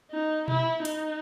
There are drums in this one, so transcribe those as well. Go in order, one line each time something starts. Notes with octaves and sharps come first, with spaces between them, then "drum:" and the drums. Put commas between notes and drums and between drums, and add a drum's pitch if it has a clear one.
D#4
E4, drum: tom B2
D#4, drum: hi-hat